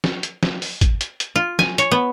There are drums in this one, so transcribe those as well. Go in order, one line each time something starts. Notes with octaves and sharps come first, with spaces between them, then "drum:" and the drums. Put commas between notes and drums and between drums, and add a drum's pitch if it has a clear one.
drum: snare
drum: hi-hat
drum: snare
drum: open hi-hat
drum: kick G#1, hi-hat
drum: hi-hat
drum: hi-hat
F4
G#5, drum: snare
C#5, drum: hi-hat
B3